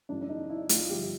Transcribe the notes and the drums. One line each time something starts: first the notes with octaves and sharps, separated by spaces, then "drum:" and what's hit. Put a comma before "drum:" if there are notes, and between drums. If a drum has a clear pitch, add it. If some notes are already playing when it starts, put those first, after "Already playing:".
F#2 C#3 E3 D4
D4
D#4
E4
F4, drum: hi-hat
G2 D3 F3 G4